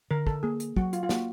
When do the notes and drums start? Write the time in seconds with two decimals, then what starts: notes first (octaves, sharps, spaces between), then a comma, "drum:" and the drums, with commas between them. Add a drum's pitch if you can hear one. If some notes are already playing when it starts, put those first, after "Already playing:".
0.11 D3 A#4
0.27 A4, drum: kick
0.43 A#3 G#4
0.60 drum: hi-hat
0.76 F#3 F#4, drum: kick
0.93 F4, drum: hi-hat
1.03 F4
1.09 A#3 F#4, drum: snare